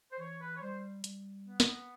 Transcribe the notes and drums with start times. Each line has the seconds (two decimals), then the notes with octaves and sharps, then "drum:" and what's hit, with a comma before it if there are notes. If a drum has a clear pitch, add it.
0.12 C5
0.19 E3 C#5
0.41 B4
0.57 C#5
0.61 G3 C5
1.04 G3, drum: hi-hat
1.46 B3
1.60 drum: snare